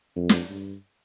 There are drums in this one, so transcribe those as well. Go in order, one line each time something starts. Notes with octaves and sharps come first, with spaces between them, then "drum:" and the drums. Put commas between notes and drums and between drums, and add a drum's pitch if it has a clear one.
F2
drum: snare
G2